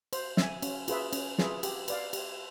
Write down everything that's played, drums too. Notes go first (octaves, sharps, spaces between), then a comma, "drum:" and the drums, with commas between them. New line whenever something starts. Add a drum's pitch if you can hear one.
C5, drum: cymbal
E5 G#5, drum: snare
C#4, drum: cymbal
F4 G#4 B4 E5, drum: cymbal
C#4, drum: cymbal
F4 G#4 B4 E5, drum: snare
G4, drum: cymbal
B4 D5 F5, drum: cymbal
G4, drum: cymbal